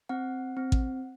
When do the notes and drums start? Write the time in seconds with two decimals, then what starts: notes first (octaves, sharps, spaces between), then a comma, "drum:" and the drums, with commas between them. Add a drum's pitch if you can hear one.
0.09 C4 F#5
0.57 C4
0.72 drum: kick A1